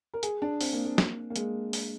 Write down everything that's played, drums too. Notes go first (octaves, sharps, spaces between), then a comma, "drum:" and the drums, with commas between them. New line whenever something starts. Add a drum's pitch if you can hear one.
A#4
G#4, drum: hi-hat
D4
C4, drum: open hi-hat
A#3
A#3
drum: snare
A#3
G#3, drum: hi-hat
drum: open hi-hat